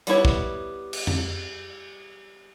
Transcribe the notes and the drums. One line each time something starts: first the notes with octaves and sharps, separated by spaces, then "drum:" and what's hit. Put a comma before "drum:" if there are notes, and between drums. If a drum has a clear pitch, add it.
G3 B3 E4 C#5, drum: hi-hat
drum: kick
drum: cymbal
drum: tom F2